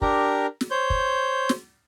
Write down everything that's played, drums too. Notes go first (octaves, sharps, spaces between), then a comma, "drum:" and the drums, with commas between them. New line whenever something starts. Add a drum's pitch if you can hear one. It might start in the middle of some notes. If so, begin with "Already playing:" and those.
D4 G4 A#4 A#5, drum: kick
drum: snare
C5 C#5 G6
drum: kick
drum: snare